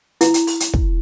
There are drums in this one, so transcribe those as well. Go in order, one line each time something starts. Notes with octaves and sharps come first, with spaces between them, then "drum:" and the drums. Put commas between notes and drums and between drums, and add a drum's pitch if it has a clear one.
E4, drum: hi-hat
drum: hi-hat
drum: open hi-hat
drum: hi-hat
drum: kick